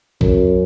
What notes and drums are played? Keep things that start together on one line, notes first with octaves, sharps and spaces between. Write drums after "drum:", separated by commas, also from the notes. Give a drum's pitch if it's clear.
F#2, drum: kick B1